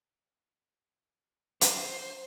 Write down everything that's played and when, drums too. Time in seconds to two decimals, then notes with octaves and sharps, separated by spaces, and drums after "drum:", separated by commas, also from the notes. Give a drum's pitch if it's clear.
1.61 C5, drum: hi-hat